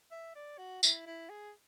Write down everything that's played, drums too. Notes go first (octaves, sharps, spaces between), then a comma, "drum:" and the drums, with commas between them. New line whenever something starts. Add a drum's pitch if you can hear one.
E5
D5
F#4
E4, drum: tambourine
E4
G#4